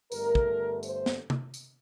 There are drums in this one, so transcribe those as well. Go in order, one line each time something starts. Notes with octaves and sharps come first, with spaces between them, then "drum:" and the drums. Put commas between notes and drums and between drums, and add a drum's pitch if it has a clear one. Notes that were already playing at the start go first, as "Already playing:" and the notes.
G1 G2 D3 A3 A#4, drum: tambourine
drum: kick
C5, drum: tambourine
drum: snare
drum: tom C3
drum: tambourine